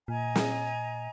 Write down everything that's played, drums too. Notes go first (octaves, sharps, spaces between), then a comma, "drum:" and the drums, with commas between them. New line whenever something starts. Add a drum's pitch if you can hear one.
A#2 D#5 G#5 A#5
drum: snare